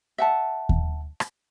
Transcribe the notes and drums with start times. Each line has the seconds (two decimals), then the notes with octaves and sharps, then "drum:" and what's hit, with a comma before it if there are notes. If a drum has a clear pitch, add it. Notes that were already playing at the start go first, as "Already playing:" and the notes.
0.18 E5 F#5 A5
0.69 drum: kick D#2
1.20 drum: rim click